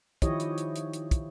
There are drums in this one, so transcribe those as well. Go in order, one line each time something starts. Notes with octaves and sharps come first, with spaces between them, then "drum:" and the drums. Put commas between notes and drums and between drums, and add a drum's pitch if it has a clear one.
D#3 F3 E4 G4 C#5 D#5, drum: kick, hi-hat
drum: hi-hat
drum: hi-hat
drum: hi-hat
drum: hi-hat
drum: kick, hi-hat